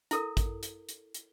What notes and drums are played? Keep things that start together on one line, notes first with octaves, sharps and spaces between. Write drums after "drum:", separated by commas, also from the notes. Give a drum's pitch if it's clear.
E4 A4 A#4, drum: hi-hat
drum: kick, hi-hat
drum: hi-hat
drum: hi-hat
drum: hi-hat